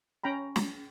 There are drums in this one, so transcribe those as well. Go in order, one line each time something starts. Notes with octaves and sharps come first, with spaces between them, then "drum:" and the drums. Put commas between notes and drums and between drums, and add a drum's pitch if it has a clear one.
C#4 G5 A#5 B5
drum: snare